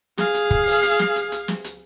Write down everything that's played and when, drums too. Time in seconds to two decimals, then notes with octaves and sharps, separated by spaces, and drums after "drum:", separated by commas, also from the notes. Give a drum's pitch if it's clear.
0.18 G#4 F5, drum: snare
0.34 drum: hi-hat
0.51 drum: kick
0.67 drum: open hi-hat
0.83 drum: hi-hat
0.99 drum: snare
1.16 drum: hi-hat
1.32 drum: hi-hat
1.48 drum: snare
1.64 drum: hi-hat